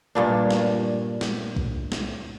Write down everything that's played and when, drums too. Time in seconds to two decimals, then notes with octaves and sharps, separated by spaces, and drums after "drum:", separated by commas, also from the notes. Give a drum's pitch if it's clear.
0.15 G2 A#2 D4
0.51 drum: snare
1.21 drum: snare
1.56 drum: kick
1.92 drum: snare